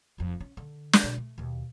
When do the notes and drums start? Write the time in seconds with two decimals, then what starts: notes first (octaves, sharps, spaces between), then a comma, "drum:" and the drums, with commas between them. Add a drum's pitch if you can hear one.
0.18 F1 F2
0.41 C#4
0.57 D3
0.93 drum: snare
1.04 B2
1.18 A3
1.38 D#2 B2